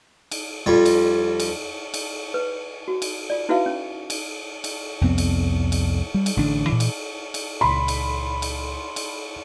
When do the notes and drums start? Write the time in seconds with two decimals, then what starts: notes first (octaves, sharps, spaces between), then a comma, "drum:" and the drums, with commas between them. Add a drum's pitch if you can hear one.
0.31 drum: cymbal
0.66 F2 G3
0.86 drum: cymbal
1.40 drum: cymbal
1.94 drum: cymbal
2.34 B4
2.88 F#4
3.02 drum: cymbal
3.30 F4 D5
3.49 D#4 E4 F#4 B4 E5 F5
3.66 C#4
4.10 drum: cymbal
4.64 drum: cymbal
5.01 C2 F2 B3 C4
5.18 drum: cymbal
5.72 drum: cymbal
6.14 G3
6.26 drum: cymbal
6.37 A1 D3 D4
6.69 A#2 E3
6.80 drum: cymbal
7.34 drum: cymbal
7.61 C#2 A#2 B5 C6
7.88 drum: cymbal
8.42 drum: cymbal
8.96 drum: cymbal